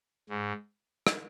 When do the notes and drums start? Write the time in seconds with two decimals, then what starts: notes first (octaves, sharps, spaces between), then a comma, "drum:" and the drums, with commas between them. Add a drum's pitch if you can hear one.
0.30 G#2
1.07 drum: rim click